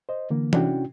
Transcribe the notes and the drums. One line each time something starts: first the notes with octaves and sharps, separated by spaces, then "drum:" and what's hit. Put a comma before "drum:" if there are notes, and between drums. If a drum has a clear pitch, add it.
C5 D#5
D3 E3 A#3
C3 C#4 D4 E4 F#4 G5, drum: tom E3